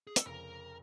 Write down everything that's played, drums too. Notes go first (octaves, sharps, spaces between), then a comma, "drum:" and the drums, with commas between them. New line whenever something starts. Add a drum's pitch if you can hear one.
G#4
A4, drum: hi-hat
F1 F2 C#3 A#4